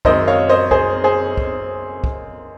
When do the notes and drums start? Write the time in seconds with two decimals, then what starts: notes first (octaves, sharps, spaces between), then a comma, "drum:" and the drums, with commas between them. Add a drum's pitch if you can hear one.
0.05 F#2 D#3 G#3 C4 D#4 C5 D#5, drum: kick
0.27 C#5 F5
0.49 C5 D#5
0.71 G#4 C5, drum: kick
1.04 G#4 C5
1.38 drum: kick
2.04 drum: kick